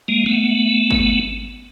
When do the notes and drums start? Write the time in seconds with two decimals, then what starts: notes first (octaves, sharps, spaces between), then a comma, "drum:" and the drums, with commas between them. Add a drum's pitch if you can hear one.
0.08 G#3 A#3
0.26 A3 B3
0.90 drum: kick G#1